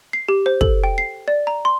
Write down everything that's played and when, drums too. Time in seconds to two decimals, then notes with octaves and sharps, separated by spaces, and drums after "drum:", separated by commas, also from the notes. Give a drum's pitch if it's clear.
0.13 C7
0.29 G4
0.46 C5
0.61 A4, drum: kick
0.84 G5
0.98 C7
1.28 D5
1.47 A#5
1.65 C6